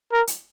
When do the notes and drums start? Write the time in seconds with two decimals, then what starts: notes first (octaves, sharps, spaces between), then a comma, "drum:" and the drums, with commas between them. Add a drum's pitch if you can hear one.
0.13 A#4
0.27 drum: hi-hat